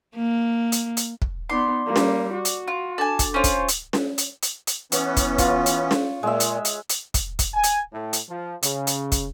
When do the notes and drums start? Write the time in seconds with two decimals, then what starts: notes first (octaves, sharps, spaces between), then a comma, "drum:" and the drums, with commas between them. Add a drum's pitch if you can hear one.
0.16 A#3
0.72 drum: hi-hat
0.97 drum: hi-hat
1.22 drum: kick
1.50 B3 D#4 D5 C6 D6
1.86 G3 A#3
1.96 drum: snare C#4
2.34 F#4
2.45 drum: hi-hat
2.68 F4
2.98 D4 A4 G#5 A5
3.19 drum: kick, hi-hat
3.34 C#4 F4 C5 C#5
3.44 drum: kick, hi-hat
3.69 drum: hi-hat
3.93 drum: snare C#4
4.18 drum: hi-hat
4.43 drum: hi-hat
4.67 drum: hi-hat
4.92 E3 B3 C#4 F#4, drum: hi-hat
5.17 drum: kick, hi-hat
5.38 F4 C#5, drum: kick, hi-hat
5.66 drum: hi-hat
5.91 drum: snare C#4
6.23 A#2 G#3 E5
6.40 drum: hi-hat
6.65 drum: hi-hat
6.90 drum: hi-hat
7.14 drum: kick, hi-hat
7.39 drum: kick, hi-hat
7.54 G#5
7.64 drum: hi-hat
7.93 A2
8.13 drum: hi-hat
8.29 F3
8.63 C#3, drum: hi-hat
8.87 drum: hi-hat
9.12 drum: kick, hi-hat